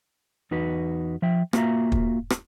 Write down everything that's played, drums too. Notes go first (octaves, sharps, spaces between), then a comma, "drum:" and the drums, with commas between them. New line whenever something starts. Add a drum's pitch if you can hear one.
E2 D#4 F#4 B4
F3 E5 G5
A#3 F4 F#4 E5 A#5, drum: rim click
drum: kick
drum: rim click